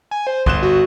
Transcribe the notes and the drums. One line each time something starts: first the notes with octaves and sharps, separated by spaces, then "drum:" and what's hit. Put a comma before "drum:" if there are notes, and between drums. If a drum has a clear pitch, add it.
G#5
C5
G1 C6 F#6 E7, drum: kick A#1
F#4